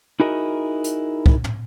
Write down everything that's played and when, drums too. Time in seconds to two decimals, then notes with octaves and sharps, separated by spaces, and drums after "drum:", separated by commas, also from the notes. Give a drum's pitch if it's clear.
0.20 D#4 E4 F#4 G#4 A#4 D#5
0.84 drum: hi-hat
1.26 drum: kick
1.44 drum: tom